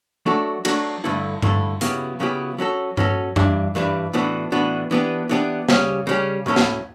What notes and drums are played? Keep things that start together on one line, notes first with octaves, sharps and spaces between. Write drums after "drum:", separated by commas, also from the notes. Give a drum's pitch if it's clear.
F#3 A3 D4 F#4 A4
F#3 A3 D4 F#4 A4, drum: cymbal
G2 D3 A3 E4 A4
G2 D3 A3 E4 A4, drum: tom G2
C#3 F#3 B3 E4 G4, drum: hi-hat
C#3 F#3 B3 E4 G4
F#3 C#4 F#4 A4
F#3 C#4 F#4 A4, drum: tom G2
G2 E3 G3 D4, drum: tom F#2
G2 E3 G3 D4
A2 E3 B3 D4 F#4
A2 E3 B3 D4 F#4
E3 B3 D4 G4
E3 B3 D4 G4
C#3 G3 C#4 G4, drum: snare
C#3 G3 C#4 G4
A2 F#3 C#4 E4 A4
drum: snare